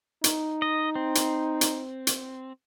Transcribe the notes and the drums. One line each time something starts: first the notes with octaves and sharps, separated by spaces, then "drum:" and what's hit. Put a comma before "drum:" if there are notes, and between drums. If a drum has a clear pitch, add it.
D#4, drum: hi-hat
D#5
C4
drum: hi-hat
drum: hi-hat
drum: hi-hat